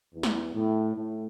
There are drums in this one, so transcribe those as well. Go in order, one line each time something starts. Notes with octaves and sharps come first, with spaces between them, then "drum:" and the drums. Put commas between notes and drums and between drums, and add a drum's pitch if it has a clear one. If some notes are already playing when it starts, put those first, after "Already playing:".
E2
drum: snare
A2
A2